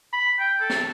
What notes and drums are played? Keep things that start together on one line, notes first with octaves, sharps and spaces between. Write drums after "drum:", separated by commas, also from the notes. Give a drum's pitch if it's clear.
B5
G5
A4
drum: snare